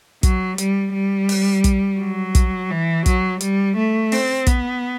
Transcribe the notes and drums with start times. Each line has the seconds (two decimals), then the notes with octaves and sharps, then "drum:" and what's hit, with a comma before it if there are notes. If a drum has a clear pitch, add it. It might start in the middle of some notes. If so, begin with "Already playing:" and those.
0.23 F#3, drum: kick, hi-hat
0.58 G3, drum: hi-hat
0.94 G3
1.29 drum: open hi-hat
1.64 drum: kick, hi-hat
1.99 F#3
2.35 drum: kick, hi-hat
2.70 E3
3.06 F#3, drum: kick, hi-hat
3.41 G3, drum: hi-hat
3.76 A3
4.12 C4, drum: open hi-hat
4.47 B3, drum: kick, hi-hat